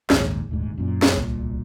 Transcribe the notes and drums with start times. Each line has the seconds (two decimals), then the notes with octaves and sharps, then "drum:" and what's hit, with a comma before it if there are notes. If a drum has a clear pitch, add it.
0.10 A#1 D#2 G#2, drum: snare
0.49 D#1 D2 G#2
0.77 F#2 A#2
1.02 drum: snare
1.15 D1 C2 A#2